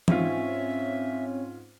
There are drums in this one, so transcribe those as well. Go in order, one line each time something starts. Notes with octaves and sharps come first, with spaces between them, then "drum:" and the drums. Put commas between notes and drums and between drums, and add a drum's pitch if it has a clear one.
G#2 C4 C#4 F4 E5, drum: tom